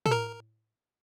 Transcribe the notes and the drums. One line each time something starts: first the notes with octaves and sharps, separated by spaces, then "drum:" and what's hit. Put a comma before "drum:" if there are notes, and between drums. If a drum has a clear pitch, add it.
A4, drum: tom
A#4